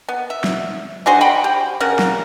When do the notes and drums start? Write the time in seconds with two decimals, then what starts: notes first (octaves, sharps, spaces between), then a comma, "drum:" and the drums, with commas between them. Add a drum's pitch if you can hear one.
0.08 B3
0.30 E5
0.44 drum: snare
1.06 D4 F#4 G#4 C5
1.21 F#5 G5 B5
1.44 G4
1.80 C#3 C#4 A#4 F#5
1.99 drum: snare